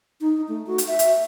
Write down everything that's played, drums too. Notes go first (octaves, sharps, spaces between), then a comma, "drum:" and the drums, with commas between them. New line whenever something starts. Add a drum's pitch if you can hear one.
D#4
A3
F#4
drum: hi-hat
E5
drum: hi-hat